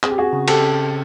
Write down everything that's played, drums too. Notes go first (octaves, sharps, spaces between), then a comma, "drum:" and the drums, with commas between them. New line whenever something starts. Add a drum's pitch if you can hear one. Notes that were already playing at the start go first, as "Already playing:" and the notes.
C4 G#4, drum: clap
G4
F#4 G#4
C#3
G4 A4, drum: cymbal
C#3